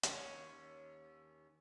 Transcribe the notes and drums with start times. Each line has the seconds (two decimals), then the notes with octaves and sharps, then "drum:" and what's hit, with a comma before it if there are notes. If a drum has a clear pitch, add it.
0.03 D#2 C#4, drum: hi-hat